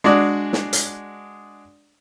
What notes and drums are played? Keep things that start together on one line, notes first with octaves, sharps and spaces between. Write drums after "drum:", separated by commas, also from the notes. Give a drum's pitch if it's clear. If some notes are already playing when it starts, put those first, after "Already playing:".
G#3 D4 F#4 G#4 D5
drum: snare
drum: hi-hat